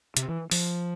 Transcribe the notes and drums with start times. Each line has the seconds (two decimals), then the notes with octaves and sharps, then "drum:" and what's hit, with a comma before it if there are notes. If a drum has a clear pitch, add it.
0.17 C3, drum: hi-hat
0.28 E3
0.51 F3, drum: open hi-hat